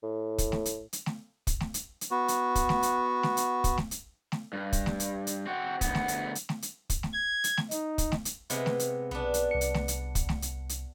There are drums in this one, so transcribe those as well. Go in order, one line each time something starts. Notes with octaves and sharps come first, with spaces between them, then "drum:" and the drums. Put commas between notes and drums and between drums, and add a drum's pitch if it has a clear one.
A2
drum: kick, hi-hat
drum: snare A3
drum: hi-hat
drum: hi-hat
drum: snare A3
drum: kick, hi-hat
drum: snare A3
drum: hi-hat
drum: hi-hat
B3 F#4
drum: hi-hat
drum: kick, hi-hat
drum: snare A3
drum: hi-hat
drum: snare A3
drum: hi-hat
drum: kick, hi-hat
drum: snare A3
drum: hi-hat
drum: snare A3
G2
drum: kick, hi-hat
drum: snare A3
drum: hi-hat
drum: hi-hat
C4 F#4
D2 B3, drum: kick, hi-hat
drum: snare A3
drum: hi-hat
drum: hi-hat
drum: snare A3
drum: hi-hat
drum: kick, hi-hat
drum: snare A3
G#6
drum: hi-hat
drum: snare A3
D#4, drum: hi-hat
drum: kick, hi-hat
drum: snare A3
drum: hi-hat
C3 G#3 B3, drum: hi-hat
drum: snare A3
drum: hi-hat
B1 B3 D4
drum: hi-hat
C2 C#7
drum: hi-hat
drum: snare A3
drum: hi-hat
drum: kick, hi-hat
drum: snare A3
drum: hi-hat
drum: hi-hat